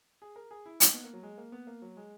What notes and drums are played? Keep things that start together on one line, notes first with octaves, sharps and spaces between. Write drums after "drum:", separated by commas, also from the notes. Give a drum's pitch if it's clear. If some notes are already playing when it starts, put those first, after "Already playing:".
G#4
A#4
G#4
E4
D#4, drum: hi-hat
B3
A#3
F#3
G#3
A#3
B3
A#3
F#3
G#3